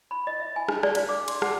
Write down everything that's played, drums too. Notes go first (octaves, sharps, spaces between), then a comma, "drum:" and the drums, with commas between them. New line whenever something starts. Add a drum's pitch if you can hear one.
B5
D#5
E5
G#5
D4, drum: rim click
D5, drum: rim click
F5, drum: cymbal
D6
C6, drum: cymbal
F#5, drum: rim click